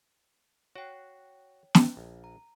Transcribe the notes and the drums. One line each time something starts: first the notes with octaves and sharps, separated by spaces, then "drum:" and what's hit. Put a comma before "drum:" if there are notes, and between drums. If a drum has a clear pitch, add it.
F#4 C#5 G5
drum: snare
A#1
A#5